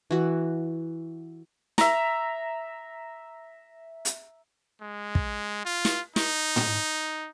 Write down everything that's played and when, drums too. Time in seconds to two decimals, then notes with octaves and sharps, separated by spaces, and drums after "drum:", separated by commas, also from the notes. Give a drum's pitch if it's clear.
0.11 E3 F#4
1.78 E5 A#5, drum: snare
4.05 drum: hi-hat
4.82 G#3
5.15 drum: kick
5.65 F4
5.85 drum: snare
6.16 D#4, drum: snare
6.56 drum: tom